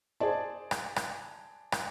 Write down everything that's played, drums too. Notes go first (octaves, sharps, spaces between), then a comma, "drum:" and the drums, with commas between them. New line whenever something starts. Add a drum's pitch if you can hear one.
G#4 C5 D5 A5
drum: rim click
drum: rim click
drum: rim click